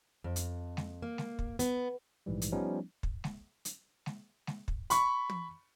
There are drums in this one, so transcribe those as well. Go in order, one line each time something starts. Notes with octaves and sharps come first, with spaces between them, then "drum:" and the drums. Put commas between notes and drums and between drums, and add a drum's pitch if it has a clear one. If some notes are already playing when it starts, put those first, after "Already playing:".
F2
drum: hi-hat
drum: snare G#3
A#3
drum: snare G#3
drum: kick
B3, drum: hi-hat
A#1 G#2 E3 G3
drum: hi-hat
F3 G3 B3 C#4 D#4
drum: kick
drum: snare G#3
drum: hi-hat
drum: snare G#3
drum: snare G#3
drum: kick
B5 C#6, drum: hi-hat
drum: tom